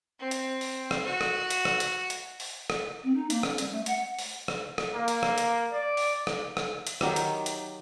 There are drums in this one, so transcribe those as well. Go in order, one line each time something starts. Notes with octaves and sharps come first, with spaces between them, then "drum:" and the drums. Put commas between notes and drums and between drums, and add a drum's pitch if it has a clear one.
C4
drum: hi-hat
drum: open hi-hat
drum: rim click
F#4
drum: rim click
drum: hi-hat
drum: rim click
drum: hi-hat
drum: hi-hat
drum: open hi-hat
drum: rim click
C4
D#4
A#3, drum: hi-hat
C#4, drum: rim click
G3, drum: hi-hat
A3
F#5, drum: hi-hat
drum: open hi-hat
drum: rim click
drum: rim click
A#3
drum: hi-hat
drum: rim click
drum: hi-hat
D5
drum: open hi-hat
drum: rim click
drum: rim click
drum: hi-hat
D#3 F#3 G4, drum: rim click
drum: hi-hat
drum: hi-hat